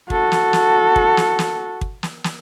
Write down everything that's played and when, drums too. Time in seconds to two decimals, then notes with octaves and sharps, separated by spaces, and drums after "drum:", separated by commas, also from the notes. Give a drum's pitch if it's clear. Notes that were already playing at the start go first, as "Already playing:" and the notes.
0.10 F#4 A4, drum: kick
0.32 drum: snare
0.53 drum: snare
0.96 drum: kick
1.17 drum: snare
1.39 drum: snare
1.81 drum: kick
2.03 drum: snare
2.24 drum: snare